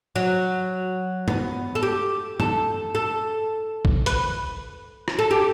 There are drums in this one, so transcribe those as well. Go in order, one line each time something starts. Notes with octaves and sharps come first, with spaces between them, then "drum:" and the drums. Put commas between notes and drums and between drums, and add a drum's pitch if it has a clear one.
F#3
B3, drum: tom G2
A4
G4
A4, drum: tom G2
A4
drum: kick
B4, drum: hi-hat
drum: rim click
A4
G4